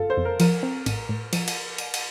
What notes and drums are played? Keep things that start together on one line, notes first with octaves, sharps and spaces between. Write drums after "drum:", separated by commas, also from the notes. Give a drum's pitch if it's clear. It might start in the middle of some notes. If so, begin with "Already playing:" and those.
Already playing: G1 F4 A4
C5
F2
A#4
F3 A#4, drum: cymbal
C4
A1, drum: cymbal
A2
F3, drum: cymbal
drum: cymbal
drum: cymbal
drum: cymbal